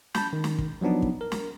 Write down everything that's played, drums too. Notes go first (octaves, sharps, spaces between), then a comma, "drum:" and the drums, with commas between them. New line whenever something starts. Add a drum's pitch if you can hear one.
A5 B5 G6, drum: snare
D#3
drum: snare
drum: kick
F3 F#3 B3 D4 D#4
drum: kick
A#4
drum: snare